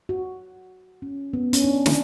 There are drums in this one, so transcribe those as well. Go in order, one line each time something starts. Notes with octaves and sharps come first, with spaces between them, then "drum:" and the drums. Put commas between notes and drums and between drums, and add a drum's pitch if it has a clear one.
F#4
C#4
B3
C#4, drum: hi-hat
D4
D4, drum: snare